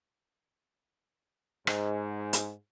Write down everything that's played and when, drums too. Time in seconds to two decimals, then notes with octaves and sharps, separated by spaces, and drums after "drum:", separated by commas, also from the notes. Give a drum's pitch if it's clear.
1.67 G#2, drum: rim click
2.33 drum: hi-hat